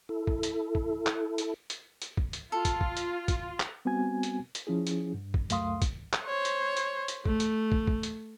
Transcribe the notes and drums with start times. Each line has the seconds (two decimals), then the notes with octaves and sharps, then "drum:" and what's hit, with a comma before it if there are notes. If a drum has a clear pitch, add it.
0.09 E4 A4
0.27 drum: kick
0.43 drum: hi-hat
0.75 drum: kick
1.07 drum: clap
1.38 drum: hi-hat
1.70 drum: hi-hat
2.02 drum: hi-hat
2.17 drum: kick
2.33 drum: hi-hat
2.52 F4 A4
2.65 drum: kick, hi-hat
2.81 drum: kick
2.97 drum: hi-hat
3.28 drum: kick, hi-hat
3.60 drum: clap
3.85 G3 B3 C4 F#4 G#5 G#6
4.23 drum: hi-hat
4.55 drum: hi-hat
4.67 F3 C#4 E4 G#4
4.87 drum: hi-hat
5.14 G2
5.34 drum: kick
5.50 C#2 F#2 A3 F5 C6 D#6, drum: hi-hat
5.82 drum: kick, hi-hat
6.13 drum: clap
6.26 C5 C#5
6.45 drum: hi-hat
6.77 drum: hi-hat
7.08 drum: hi-hat
7.26 A3, drum: kick
7.40 drum: hi-hat
7.72 drum: kick
7.87 drum: kick
8.03 drum: hi-hat